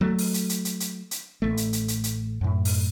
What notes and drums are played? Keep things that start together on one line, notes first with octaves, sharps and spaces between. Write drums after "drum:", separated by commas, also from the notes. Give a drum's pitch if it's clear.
F#3 A3
drum: open hi-hat
drum: hi-hat
drum: hi-hat
drum: hi-hat
drum: hi-hat
drum: hi-hat
A1 A3
drum: hi-hat
drum: hi-hat
drum: hi-hat
drum: hi-hat
F#2 A2
drum: open hi-hat